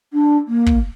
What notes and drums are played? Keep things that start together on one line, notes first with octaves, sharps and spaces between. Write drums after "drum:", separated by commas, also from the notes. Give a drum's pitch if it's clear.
D4
A#3
drum: kick